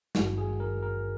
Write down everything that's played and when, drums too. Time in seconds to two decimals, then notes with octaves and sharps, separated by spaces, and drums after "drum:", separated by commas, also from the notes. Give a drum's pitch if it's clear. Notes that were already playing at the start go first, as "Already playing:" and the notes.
0.15 G#1 G2 D#3 F#4, drum: snare
0.38 G#4
0.60 A#4
0.83 A#4